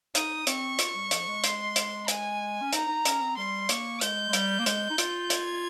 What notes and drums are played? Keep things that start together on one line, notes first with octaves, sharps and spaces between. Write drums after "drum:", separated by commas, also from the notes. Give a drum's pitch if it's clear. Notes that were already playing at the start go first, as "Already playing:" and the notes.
D#4 D#6, drum: hi-hat
C4 C#6, drum: hi-hat
F4, drum: hi-hat
G3
F3, drum: hi-hat
G#3
C6, drum: hi-hat
drum: hi-hat
G#5, drum: hi-hat
C#4
D#4 A#5, drum: hi-hat
D#4
C#4, drum: hi-hat
C4
G3 C6
A#3 C#6, drum: hi-hat
G#3 G6, drum: hi-hat
G#3
G3, drum: hi-hat
A#3
G#3, drum: hi-hat
D#4
F4, drum: hi-hat
G#6, drum: hi-hat